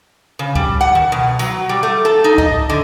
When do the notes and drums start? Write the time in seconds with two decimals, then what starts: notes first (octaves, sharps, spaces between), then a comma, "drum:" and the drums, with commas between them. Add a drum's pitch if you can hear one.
0.39 C#3
0.55 G3, drum: kick C#2
0.81 F#5
0.95 D#3
1.12 B2
1.39 F#3, drum: tambourine
1.69 G3
1.83 A3
2.05 A4
2.24 D#4
2.38 D#5, drum: kick C#2
2.70 D3